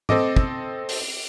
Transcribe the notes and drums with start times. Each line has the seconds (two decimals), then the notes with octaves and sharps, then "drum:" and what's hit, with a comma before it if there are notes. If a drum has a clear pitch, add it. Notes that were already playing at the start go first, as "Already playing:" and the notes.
0.09 C4 A4 D#5 D6, drum: tom G#2
0.36 drum: kick
0.89 drum: open hi-hat